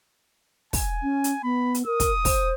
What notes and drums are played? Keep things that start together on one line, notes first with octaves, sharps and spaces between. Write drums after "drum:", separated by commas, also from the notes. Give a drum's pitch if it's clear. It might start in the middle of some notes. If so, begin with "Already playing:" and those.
G#5, drum: kick, open hi-hat
C#4
drum: hi-hat
B3 B5
drum: hi-hat
A#4 D#6
drum: kick, hi-hat
C5, drum: kick, open hi-hat